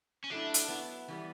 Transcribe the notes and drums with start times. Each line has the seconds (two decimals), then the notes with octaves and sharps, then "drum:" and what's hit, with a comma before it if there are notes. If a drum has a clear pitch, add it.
0.24 C#4
0.30 F#3 A3 D4 E4
0.54 drum: hi-hat
0.68 F#3 B3 E4
1.08 E3 G3 B3